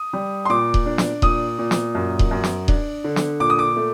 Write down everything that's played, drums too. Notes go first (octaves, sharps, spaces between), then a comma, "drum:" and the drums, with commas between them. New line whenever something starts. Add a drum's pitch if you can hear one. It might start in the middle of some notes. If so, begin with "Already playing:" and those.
Already playing: D#6
G3
C6
A#2 D6
drum: kick D#1
D4
drum: snare
A#2 D#6, drum: kick D#1
A#2
drum: snare
F#2
drum: kick D#1
F#2
drum: snare
D4, drum: kick D#1
D3
drum: snare
A#2 D6
D#6
D6
A3